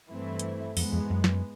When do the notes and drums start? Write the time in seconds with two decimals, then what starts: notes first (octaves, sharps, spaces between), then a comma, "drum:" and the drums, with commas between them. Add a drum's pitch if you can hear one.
0.09 G2 E3 A3 C4 E4
0.39 drum: hi-hat
0.77 F2 G#2 E3 G#3 B3, drum: open hi-hat
0.93 F2
1.10 F#2
1.24 drum: snare